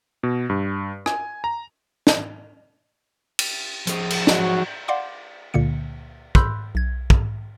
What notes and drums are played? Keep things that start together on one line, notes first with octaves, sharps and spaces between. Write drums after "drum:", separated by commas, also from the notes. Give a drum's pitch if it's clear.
B2
G2
G#5, drum: rim click
A#5
drum: snare
drum: cymbal
F3 G#4 C5, drum: hi-hat
drum: cymbal
G#2 F#3 F#4, drum: snare
D5 F5 F#5 C6 D6
C#2 A#2 D3 A#3 C#7
B5 C6 E6 F#6 G6, drum: kick
B1 G#6
drum: kick